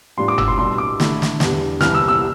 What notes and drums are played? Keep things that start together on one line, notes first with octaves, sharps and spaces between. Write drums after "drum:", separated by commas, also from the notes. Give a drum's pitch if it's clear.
A2 E3 G3 D4 F4 C6
D6
E6, drum: tom F#1
C6
C2 B2 G3 D4 C6
D6
D3 A3 E4, drum: snare
drum: snare
E2 D3 G3, drum: snare
C2 C3 E3 F6, drum: snare
E6
E6